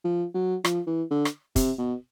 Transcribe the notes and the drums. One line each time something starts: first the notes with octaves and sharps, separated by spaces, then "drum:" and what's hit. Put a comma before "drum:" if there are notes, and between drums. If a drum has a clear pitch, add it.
F3
F#3
F3, drum: rim click
E3
D3
drum: rim click
C3, drum: kick, hi-hat
B2